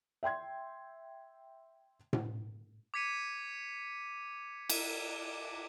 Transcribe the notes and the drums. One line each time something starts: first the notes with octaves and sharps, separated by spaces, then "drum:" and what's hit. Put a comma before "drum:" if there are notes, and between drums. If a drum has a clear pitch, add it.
E5 G5 C6 G#6
drum: tom A2
D6 G#6 B6 C#7 D#7
drum: cymbal